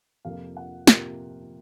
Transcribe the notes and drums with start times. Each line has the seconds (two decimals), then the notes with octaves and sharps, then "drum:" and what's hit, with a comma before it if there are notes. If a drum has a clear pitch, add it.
0.25 F2 C3 F3 A#3 F5
0.57 F#5
0.87 F2 C3 F3 A#3, drum: snare